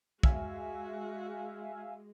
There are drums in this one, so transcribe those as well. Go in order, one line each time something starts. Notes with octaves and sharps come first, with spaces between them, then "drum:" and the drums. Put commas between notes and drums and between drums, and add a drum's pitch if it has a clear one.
G#3 F#4 E5 F5 G#5, drum: kick